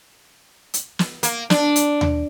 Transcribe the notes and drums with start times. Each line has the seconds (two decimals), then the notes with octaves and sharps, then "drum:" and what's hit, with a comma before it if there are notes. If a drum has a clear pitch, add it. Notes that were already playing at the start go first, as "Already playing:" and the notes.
0.74 drum: hi-hat
0.99 drum: snare
1.23 A#3, drum: hi-hat
1.50 D4, drum: snare
1.76 drum: hi-hat
2.01 drum: tom D#2